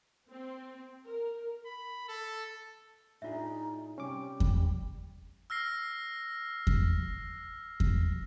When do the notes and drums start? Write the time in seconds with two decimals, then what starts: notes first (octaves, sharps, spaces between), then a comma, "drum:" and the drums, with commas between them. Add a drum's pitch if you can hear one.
0.30 C4
1.05 A#4
1.66 B5
2.08 A4
3.22 A2 D4 D#4 F4 G#4 E5
3.98 C3 G3 C#4 D6
4.40 drum: kick E2
5.50 E6 F6 A#6 C7
6.67 drum: kick E2
7.80 drum: kick E2